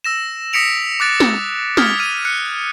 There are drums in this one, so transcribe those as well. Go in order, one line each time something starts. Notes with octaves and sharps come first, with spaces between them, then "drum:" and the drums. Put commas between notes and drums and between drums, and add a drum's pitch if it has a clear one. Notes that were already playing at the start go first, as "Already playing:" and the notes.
E6 A#6 E7
D#6 A#6 B6 C#7 D7 F7
D6 F#6 A6 D7
drum: snare
D#6 F6 G#6 B6, drum: snare
F6 D#7
F6 F#6 C#7